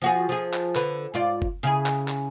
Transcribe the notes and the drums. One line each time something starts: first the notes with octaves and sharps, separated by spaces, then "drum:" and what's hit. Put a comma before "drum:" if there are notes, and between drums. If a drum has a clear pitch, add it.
F3 F#4 G#4
F3 G#4
drum: clap
D3 B4, drum: clap
G#2 F4 D5
drum: kick F#1
C#3 E4 G#4
drum: clap
drum: clap